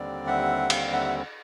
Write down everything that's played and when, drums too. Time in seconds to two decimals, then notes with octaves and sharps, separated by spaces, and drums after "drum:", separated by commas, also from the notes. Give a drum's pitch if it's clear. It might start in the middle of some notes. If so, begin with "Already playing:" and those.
Already playing: D#2 D3 G3 C4 D5
0.27 E5 F#5
0.70 F5 G5, drum: cymbal
0.92 E5 F#5